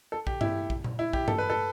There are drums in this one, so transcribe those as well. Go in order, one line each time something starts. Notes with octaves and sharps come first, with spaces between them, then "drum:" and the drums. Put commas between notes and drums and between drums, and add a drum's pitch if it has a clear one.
A4
G4, drum: kick A#1
E4, drum: tom G2
drum: kick A#1
drum: tom A#2
E4
G4, drum: kick A#1
A4, drum: tom G2
B4
A4